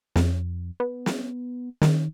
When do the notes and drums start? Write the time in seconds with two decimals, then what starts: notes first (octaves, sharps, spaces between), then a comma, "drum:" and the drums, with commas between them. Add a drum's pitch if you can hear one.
0.16 F2, drum: snare
0.80 B3
1.06 drum: snare
1.82 D#3, drum: snare